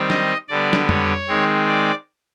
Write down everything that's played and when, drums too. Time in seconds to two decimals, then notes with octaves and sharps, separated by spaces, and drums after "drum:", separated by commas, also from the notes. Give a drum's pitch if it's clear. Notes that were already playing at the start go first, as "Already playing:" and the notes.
Already playing: D#3 G3 C4
0.10 D#5, drum: snare
0.48 D3 G3 B3 D5
0.73 drum: snare
0.89 C#5, drum: tom
1.28 D#3 G#3 C4
1.67 D5